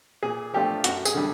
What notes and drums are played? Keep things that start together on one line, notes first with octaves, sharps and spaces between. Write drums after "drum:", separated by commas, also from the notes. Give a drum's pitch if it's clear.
A#2 G#4
F3 A3 D4 F4 G4
F#2 F#4, drum: hi-hat
G#4, drum: tambourine
D3 G3